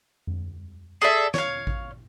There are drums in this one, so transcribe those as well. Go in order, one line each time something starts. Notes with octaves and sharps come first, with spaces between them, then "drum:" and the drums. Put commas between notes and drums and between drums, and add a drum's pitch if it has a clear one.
drum: tom F2
G#4 A4 D5 E5
C#5 F5, drum: snare
drum: kick A1